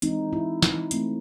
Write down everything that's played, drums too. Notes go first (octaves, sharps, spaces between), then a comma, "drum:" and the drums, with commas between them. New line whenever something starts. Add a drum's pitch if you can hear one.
E3 G#3 C4 D#4, drum: hi-hat
E4
D#4, drum: snare
E3 A3 C4, drum: hi-hat